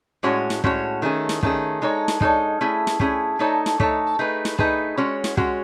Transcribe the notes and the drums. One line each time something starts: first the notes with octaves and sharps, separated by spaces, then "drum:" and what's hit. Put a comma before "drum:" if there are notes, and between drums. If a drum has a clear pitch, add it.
A2 G#3 C#4 F#4 C#5
drum: snare
A2 G#3 C#4 F#4 C#5, drum: kick
D#3 A3 C#4 G#4
drum: snare
D#3 A3 C#4 G#4, drum: kick
G#3 D#4 A4 C#5
drum: snare
G#3 D#4 A4 C#5, drum: kick
A3 C#4 E4 G#4
drum: snare
A3 C#4 E4 G#4, drum: kick
A3 D#4 A4 C#5
drum: snare
A3 D#4 A4 C#5, drum: kick
A3 D#4 G#4 B4
drum: snare
A3 D#4 G#4 B4, drum: kick
G#3 C#4 F#4 C#5
drum: snare
G#3 C#4 F#4 C#5, drum: kick